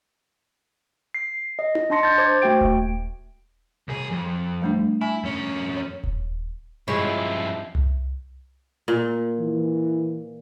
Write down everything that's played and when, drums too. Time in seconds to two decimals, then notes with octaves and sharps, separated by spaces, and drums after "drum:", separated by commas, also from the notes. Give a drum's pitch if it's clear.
1.14 C7
1.59 D#5
1.75 drum: tom D#4
1.90 D4 D#5 A5 C6 A#6 C#7
2.03 G6 A6
2.18 C5 D6 G#6
2.42 A3 F#4 G5 D7
2.61 drum: kick D#1
3.88 C2 G#4
4.11 F2
4.62 G3 A3 D4
5.01 E4 G#5
5.23 F2 C#4
5.76 C#5
6.04 drum: kick D#1
6.88 G2 F3 G#3 E4 C#5
7.75 drum: tom C2
8.88 A#2
9.40 E3